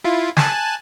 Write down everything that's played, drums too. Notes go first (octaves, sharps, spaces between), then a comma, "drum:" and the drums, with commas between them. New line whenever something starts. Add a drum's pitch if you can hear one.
E4 F4
G#5 A5 F#6, drum: snare